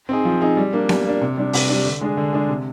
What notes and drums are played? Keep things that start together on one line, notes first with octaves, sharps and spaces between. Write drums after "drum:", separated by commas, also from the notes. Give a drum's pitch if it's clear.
C4 D#4 G#4
F3
C4 D#4 G#4
G3
A#3 D4
G3, drum: snare B3
A#3 D4
C3
G3 D4
C3, drum: open hi-hat
G3 D4
D3
G#3 D4 G#4
D3
G#3 D4 G#4
C3